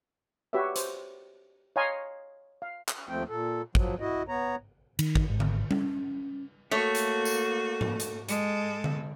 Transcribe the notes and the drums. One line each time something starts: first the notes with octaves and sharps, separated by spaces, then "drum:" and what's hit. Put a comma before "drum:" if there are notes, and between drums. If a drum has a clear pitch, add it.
F#4 G4 B4 C#5 E5
C5, drum: hi-hat
C#5 D#5 F5 G#5 A#5 C6
F5
drum: clap
D#2 F3 A3 C4 G5
A#2 A4
F3 F#3, drum: kick
E4 F#4 D#5
B3 C#5 A#5
D#3, drum: cymbal
drum: kick
G#1
drum: tom D3
C#4, drum: tom G3
A3 A#3 F#4 C#5
drum: hi-hat
drum: tambourine
drum: tom G#2
drum: hi-hat
G#3 A4, drum: hi-hat
drum: tom D3